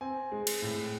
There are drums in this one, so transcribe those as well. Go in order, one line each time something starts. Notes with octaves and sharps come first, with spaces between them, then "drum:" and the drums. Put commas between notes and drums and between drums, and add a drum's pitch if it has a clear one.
C4 G#5
G#3
drum: cymbal
A2